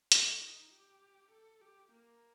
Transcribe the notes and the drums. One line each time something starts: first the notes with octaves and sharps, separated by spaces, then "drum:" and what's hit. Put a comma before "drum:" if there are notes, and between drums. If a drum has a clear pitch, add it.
A4, drum: hi-hat
D#4
G4
A4
G4
A#3